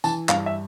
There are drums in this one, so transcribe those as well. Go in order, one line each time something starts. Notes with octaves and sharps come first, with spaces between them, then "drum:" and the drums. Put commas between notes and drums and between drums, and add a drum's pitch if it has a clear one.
E3 A5, drum: tambourine
G2 F5, drum: clap
E5